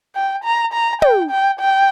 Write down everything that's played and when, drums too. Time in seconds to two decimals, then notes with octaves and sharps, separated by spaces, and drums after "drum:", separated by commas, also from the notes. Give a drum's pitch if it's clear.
0.16 G5
0.44 A#5
0.73 A#5
1.02 G5, drum: tom
1.31 G5
1.60 G5